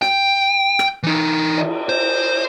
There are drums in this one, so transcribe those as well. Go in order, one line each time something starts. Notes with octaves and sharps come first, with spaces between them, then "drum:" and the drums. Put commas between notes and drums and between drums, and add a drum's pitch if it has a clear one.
G5, drum: snare
drum: rim click
E3 D#4
drum: cymbal
C5